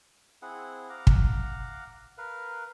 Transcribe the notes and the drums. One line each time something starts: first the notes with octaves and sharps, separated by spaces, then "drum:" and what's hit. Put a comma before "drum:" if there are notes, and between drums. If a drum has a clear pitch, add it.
C4 E4 G#4 F#5
F5 F#5 A#5 D6
drum: kick
A#4 B4 F5